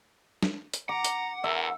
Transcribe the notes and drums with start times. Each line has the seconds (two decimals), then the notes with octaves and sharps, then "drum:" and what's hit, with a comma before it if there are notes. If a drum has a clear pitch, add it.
0.43 drum: snare
0.74 drum: hi-hat
0.89 F#5 A#5 D6
1.05 drum: hi-hat
1.44 E2 A#4 E5